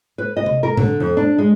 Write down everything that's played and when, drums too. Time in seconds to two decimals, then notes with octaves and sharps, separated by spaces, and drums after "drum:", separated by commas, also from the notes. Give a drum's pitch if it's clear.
0.18 B4
0.37 D#5
0.46 drum: tom C3
0.63 A#4
0.77 D3, drum: tom A#2
1.00 F2
1.17 D4
1.38 G#3